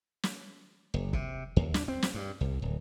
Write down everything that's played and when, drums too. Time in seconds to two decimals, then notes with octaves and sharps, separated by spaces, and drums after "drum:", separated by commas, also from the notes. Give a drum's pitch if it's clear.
0.23 drum: snare
0.94 F#1
1.13 C3, drum: kick
1.56 D#2
1.74 D4, drum: snare
1.88 C4
2.02 drum: snare
2.14 G2
2.41 C2
2.62 D1